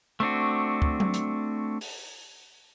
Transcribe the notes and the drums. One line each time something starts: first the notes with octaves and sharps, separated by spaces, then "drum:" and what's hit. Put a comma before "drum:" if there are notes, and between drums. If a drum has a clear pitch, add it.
A3 C4 D4 F#4
drum: kick
drum: tom F#3
drum: hi-hat
drum: open hi-hat